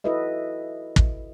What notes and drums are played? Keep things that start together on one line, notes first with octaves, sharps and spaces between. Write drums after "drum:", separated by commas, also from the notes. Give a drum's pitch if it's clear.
E4 F#4 A4 B4 D#5 E5
drum: kick